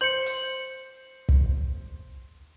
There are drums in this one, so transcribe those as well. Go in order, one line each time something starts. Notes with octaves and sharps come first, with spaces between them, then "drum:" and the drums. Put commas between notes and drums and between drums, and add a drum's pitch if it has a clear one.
C5 G6 C#7 F#7
drum: hi-hat
drum: kick